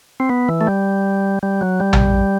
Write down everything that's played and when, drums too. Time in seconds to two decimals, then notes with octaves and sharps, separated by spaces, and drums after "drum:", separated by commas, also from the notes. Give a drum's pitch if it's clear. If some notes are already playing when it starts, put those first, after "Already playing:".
0.20 C4
0.29 B3
0.49 E3
0.61 A3
0.67 G3
1.43 G3
1.61 F#3
1.80 G3
1.93 drum: tom